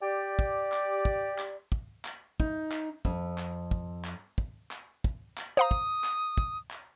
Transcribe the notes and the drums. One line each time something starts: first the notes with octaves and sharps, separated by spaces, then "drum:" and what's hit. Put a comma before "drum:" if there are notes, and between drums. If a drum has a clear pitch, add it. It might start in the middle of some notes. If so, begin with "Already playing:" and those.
G4 D5
drum: kick
drum: clap
drum: kick
drum: clap
drum: kick
drum: clap
D#4, drum: kick
drum: clap
F2, drum: kick
drum: clap
drum: kick
drum: clap
drum: kick
drum: clap
drum: kick
drum: clap
C5 F5 A#5 D#6
drum: kick
drum: clap
drum: kick
drum: clap